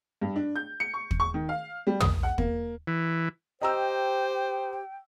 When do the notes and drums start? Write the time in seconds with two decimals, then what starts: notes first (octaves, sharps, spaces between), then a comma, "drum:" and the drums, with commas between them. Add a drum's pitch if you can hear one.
0.22 G2
0.36 D4
0.56 G6
0.80 C#7
0.94 C#6
1.11 drum: kick
1.20 C#6
1.34 D#3
1.49 F5
1.87 G3
2.00 D#6, drum: tom
2.23 F#5
2.38 A#3, drum: kick
2.87 E3
3.61 G4 C5 D#5 G5 A#5 E6